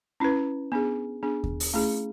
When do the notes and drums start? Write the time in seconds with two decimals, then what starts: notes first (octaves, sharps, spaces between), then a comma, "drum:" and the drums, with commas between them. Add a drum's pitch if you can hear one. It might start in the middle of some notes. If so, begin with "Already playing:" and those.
0.20 C#4 E4 B4
0.72 B3 D4 G#4
1.23 B3 D4 G#4
1.44 drum: kick D#2
1.60 drum: open hi-hat
1.73 A3 C#4 E4 G#4